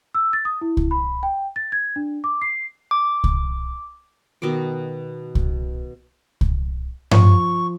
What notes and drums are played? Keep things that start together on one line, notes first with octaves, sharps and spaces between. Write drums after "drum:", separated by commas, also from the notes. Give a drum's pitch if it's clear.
E6
A6
D#6
E4
drum: kick C2
B5
G5
A6
G#6
D4
D6
C7
D6
drum: kick C2
B2 D#3 B4 D6
drum: kick C2
drum: kick C2
F3 C#6, drum: tom G2